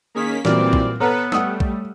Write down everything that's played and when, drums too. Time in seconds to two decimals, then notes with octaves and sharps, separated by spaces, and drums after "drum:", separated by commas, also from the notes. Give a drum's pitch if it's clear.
0.15 D#3 A#3 C#4 G#4 B6
0.45 A#2 E3 F#3 G3 C4 D5 F6, drum: snare
0.73 drum: kick
1.00 B3 A4 B4 C#5 A#5 F6
1.32 G3 A3 F#5 D#6 E6, drum: snare
1.60 drum: kick